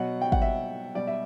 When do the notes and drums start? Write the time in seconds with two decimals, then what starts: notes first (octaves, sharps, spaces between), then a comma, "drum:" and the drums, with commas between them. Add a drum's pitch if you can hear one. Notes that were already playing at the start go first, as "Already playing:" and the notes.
Already playing: B2 F#3 F#5
0.21 G5
0.32 F#5, drum: kick G#1
0.42 E5
0.95 B2 G3 D5
1.07 E5